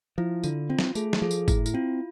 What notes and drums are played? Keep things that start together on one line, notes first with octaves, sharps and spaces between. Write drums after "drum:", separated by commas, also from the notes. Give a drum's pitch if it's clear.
F3 E4
D3 F4, drum: tambourine
C4 F4
drum: snare
A3 G#4, drum: tambourine
A4, drum: snare
F3 G#4
drum: tambourine
A2 E4, drum: kick G1, tambourine
E4, drum: tambourine
C4 F4